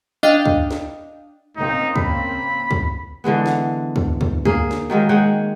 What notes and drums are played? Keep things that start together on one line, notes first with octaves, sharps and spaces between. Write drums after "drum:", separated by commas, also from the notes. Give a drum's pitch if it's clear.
D4 D#5 F5 G5
drum: kick
drum: snare
C#3 A#3 C4 D#4
B5, drum: kick
drum: kick
D3 E3 G#3 B3
drum: snare
drum: kick
drum: kick
A#3 G#4, drum: kick
drum: snare
D#3 F#3 G#3 A#3
G#3 C#5 F#5 G5